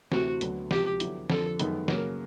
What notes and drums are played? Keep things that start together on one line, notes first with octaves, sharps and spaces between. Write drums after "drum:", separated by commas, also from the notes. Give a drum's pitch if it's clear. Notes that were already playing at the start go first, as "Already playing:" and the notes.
D2 C3 E3 A3 C4 F#4, drum: snare
D2 D3 F#3 B3, drum: hi-hat
C#2 C3 F3 G4, drum: snare
D3 F#3 B3 E4, drum: hi-hat
F2 D3 F3 A4, drum: snare
F#2 D#3 G#3 B3 D#4, drum: hi-hat
C#3 F#3 A#3 A#4, drum: snare